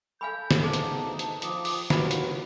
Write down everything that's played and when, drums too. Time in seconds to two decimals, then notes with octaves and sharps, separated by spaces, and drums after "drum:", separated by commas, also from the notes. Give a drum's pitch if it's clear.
0.21 A4 F5 G#5 B5 G6
0.51 drum: snare
0.64 B3 D#4 G#4 C5 F5 A5
0.73 drum: hi-hat
1.05 D2
1.19 drum: hi-hat
1.42 F3 G5 D6 D#6, drum: hi-hat
1.65 drum: open hi-hat
1.90 D#2 F4 F#4 B4 B5, drum: snare
2.11 drum: hi-hat